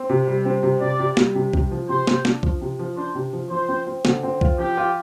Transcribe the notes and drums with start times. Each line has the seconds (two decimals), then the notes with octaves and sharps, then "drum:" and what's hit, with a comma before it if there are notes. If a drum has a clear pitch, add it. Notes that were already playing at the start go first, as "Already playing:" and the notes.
Already playing: C4
0.10 C3
0.27 G3
0.45 C4
0.63 C3
0.81 C3 D5
0.99 C3
1.17 G3, drum: snare
1.35 C3
1.53 C3, drum: kick C2
1.71 F3
1.89 C3 C5
2.07 C3, drum: snare
2.25 D4, drum: snare
2.43 F3, drum: kick C2
2.61 C3
2.79 F3
2.97 D4 C5
3.15 C3
3.33 F3
3.50 F3 C5
3.69 C4
3.87 C4
4.05 D3, drum: snare
4.23 C4
4.41 F4, drum: kick C2
4.59 F3 G4
4.77 F4